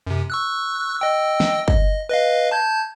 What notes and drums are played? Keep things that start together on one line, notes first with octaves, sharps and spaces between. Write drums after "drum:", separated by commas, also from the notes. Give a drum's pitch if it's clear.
F#2 C3
C#6 E6 F#6
D#5 G5 E6
drum: snare
D#5, drum: kick
B4 D#5 F5
A5 G6 G#6